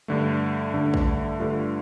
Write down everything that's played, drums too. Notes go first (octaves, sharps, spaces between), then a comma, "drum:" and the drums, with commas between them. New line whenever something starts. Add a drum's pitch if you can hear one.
G2 D3 A3
G2 D3 A3
drum: kick A1
G2 D3 A3 F4